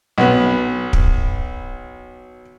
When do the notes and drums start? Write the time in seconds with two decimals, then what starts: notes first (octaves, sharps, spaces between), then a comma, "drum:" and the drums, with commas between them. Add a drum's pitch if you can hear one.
0.18 B1 B3
0.93 drum: kick